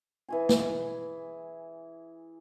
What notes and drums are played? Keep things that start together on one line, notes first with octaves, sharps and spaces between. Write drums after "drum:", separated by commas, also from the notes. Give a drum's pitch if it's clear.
E3 G#4 G#5
drum: snare